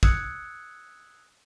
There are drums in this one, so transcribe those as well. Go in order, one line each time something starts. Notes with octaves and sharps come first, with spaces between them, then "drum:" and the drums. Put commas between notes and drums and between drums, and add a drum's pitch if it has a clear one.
D#6 E6 F#6 G#6 C#7, drum: kick